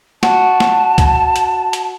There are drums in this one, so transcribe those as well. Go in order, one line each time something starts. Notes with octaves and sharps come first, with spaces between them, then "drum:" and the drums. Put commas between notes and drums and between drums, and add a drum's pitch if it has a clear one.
F#4 A5, drum: snare
drum: snare
drum: kick C2, hi-hat
drum: hi-hat
drum: hi-hat